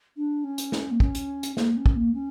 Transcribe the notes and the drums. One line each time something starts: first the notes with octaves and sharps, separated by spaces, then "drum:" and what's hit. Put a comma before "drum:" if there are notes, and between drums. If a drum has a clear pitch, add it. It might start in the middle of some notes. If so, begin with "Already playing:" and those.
D4
C#4
drum: hi-hat
drum: snare
A#3
C#4, drum: kick
drum: hi-hat
drum: hi-hat
A#3, drum: snare
C#4
drum: kick
A#3
C#4